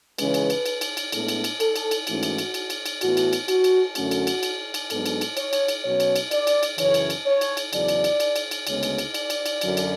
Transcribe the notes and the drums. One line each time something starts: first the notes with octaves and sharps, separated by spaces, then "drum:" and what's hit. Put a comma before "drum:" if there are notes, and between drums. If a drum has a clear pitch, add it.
C#3 E3 G#3 C#4 B4, drum: cymbal
drum: cymbal
drum: cymbal
drum: cymbal
drum: cymbal
drum: cymbal
A2 G#3 B3 D4 A4, drum: cymbal
drum: cymbal
drum: cymbal
A4, drum: cymbal
drum: cymbal
drum: cymbal
G#2 E3 A3 C#4 F#4, drum: cymbal
drum: cymbal
drum: cymbal
drum: cymbal
drum: cymbal
drum: cymbal
A2 E3 B3 F#4, drum: cymbal
drum: cymbal
drum: cymbal
F#4, drum: cymbal
drum: cymbal
F#2 D3 A3 C#4 F#4, drum: cymbal
drum: cymbal
drum: cymbal
drum: cymbal
drum: cymbal
G#2 F#3 B3 D4 A4, drum: cymbal
drum: cymbal
drum: cymbal
C#5, drum: cymbal
drum: cymbal
drum: cymbal
B2 F#3 C#4 C#5
drum: cymbal
drum: cymbal
D5, drum: cymbal
drum: cymbal
drum: cymbal
F#2 C#3 E3 C#5, drum: cymbal
drum: cymbal
drum: cymbal
C#5
drum: cymbal
drum: cymbal
E2 C#3 F#3 D5, drum: cymbal
drum: cymbal
drum: cymbal
drum: cymbal
drum: cymbal
drum: cymbal
D2 C#3 G#3 B3 C#5, drum: cymbal
drum: cymbal
drum: cymbal
D5, drum: cymbal
drum: cymbal
drum: cymbal
F#2 D3 F#3, drum: cymbal
drum: cymbal